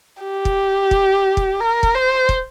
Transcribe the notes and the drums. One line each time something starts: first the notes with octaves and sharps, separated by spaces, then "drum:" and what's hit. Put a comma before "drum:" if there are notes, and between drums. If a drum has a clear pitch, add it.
G4
drum: kick
drum: kick
drum: kick
A#4
drum: kick
C5
drum: kick